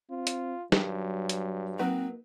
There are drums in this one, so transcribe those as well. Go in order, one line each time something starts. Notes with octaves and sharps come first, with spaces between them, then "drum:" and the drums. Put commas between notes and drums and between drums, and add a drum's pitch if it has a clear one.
C4 F4
drum: hi-hat
G2 D#3 F#3, drum: snare
drum: hi-hat
F#3 A#3 C4 D#4 B4